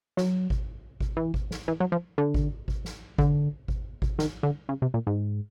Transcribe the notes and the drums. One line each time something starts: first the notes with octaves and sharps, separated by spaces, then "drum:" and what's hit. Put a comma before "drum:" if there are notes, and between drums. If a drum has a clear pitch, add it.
F#3, drum: snare
drum: kick G#1
drum: kick G#1
E3
drum: kick G#1
drum: snare
E3
F#3
F3
D3
drum: kick G#1
drum: kick G#1
drum: snare
D3, drum: kick G#1
drum: kick G#1
drum: kick G#1
D#3, drum: snare
D3
C#3
C3
A#2
G#2